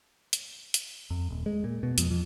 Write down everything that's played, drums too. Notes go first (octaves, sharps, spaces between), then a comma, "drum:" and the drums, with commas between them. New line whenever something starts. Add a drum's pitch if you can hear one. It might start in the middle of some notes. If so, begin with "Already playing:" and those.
drum: hi-hat
drum: hi-hat
F2
D#1
G#3
A#2
B2
F2, drum: hi-hat
F2